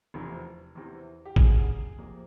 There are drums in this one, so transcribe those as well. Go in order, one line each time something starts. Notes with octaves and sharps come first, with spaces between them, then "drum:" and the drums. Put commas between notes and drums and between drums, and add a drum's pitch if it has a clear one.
F1 E2 C3 F3
E2 C3 E3
G4
F#2 D3 F#3 G#4, drum: kick
F2 C3 F3 A#3